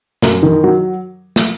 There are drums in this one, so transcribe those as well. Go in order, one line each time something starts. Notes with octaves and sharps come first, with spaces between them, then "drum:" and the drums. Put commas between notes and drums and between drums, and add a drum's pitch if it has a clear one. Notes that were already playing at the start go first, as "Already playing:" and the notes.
F#2, drum: snare
D#3
F#3
drum: snare